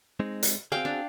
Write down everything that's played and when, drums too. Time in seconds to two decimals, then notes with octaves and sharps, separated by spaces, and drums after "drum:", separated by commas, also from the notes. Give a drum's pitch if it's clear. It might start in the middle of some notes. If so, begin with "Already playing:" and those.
0.20 G#3 C4 D#4
0.43 drum: hi-hat
0.72 C4 F#4 G#4 F5 G5
0.85 D4